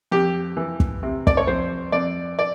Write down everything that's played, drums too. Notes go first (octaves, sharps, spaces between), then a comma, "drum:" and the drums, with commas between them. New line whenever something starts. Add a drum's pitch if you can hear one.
F2 G4
E3
drum: kick
C3
D5, drum: kick
C#5
F2 C5
F2 D5
D5